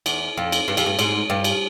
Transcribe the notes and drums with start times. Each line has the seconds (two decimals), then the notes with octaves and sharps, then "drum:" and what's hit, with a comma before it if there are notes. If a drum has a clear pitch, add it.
0.06 E2, drum: cymbal
0.37 F2
0.52 drum: cymbal
0.68 G2
0.77 F2, drum: cymbal
0.86 G2
0.99 G#2, drum: cymbal
1.30 G2
1.44 drum: cymbal